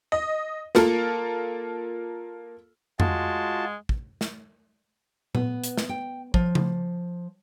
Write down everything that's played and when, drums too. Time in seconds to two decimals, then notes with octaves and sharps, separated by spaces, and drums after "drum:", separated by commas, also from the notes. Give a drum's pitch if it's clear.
0.12 D#5
0.75 A#3 F4 A4 A#4, drum: snare
3.00 G#3 F4 F#4 A5, drum: tom F2
3.89 drum: kick
4.21 drum: snare
5.35 B3, drum: tom A#2
5.64 drum: hi-hat
5.77 drum: snare
5.89 G5
6.34 F3, drum: kick
6.55 drum: tom C#3